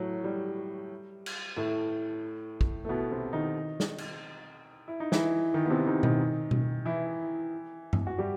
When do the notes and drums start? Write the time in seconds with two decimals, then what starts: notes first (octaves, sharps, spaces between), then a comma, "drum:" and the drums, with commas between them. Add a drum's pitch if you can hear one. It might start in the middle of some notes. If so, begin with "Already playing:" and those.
Already playing: A2 F#3 A3
0.24 G3
1.26 drum: cymbal
1.57 A2 A3
2.61 drum: kick
2.85 A3
2.89 B2 B3
3.11 C3 C4
3.33 D#3 D#4
3.80 drum: snare
3.98 drum: cymbal
4.88 E4
5.00 D#4
5.12 E3 E4, drum: snare
5.54 D#3 D#4
5.66 B3
5.70 C3 C4
5.87 D#3 D#4
6.03 D#3 D#4, drum: tom B2
6.51 drum: tom B2
6.85 E3 E4
7.93 drum: tom G2
8.07 F#4
8.18 G3 G4